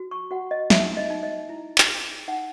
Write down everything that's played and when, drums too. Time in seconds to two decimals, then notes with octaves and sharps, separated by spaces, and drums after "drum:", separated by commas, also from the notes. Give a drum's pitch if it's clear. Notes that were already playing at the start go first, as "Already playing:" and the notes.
Already playing: F#4
0.11 C#6
0.31 F#4 F#5
0.51 D#5
0.70 D#4 E5, drum: snare
0.97 D#5
1.10 D#4
1.23 D#5
1.49 E4
1.78 drum: clap
1.89 G#4
2.28 D#4 F#5